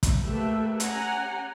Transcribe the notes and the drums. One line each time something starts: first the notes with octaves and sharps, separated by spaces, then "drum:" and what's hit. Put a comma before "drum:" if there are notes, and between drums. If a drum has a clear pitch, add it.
drum: kick, hi-hat
A3 A#3 G4 A4 B4 E5
C#4 G4 F#5 G#5 A#5, drum: hi-hat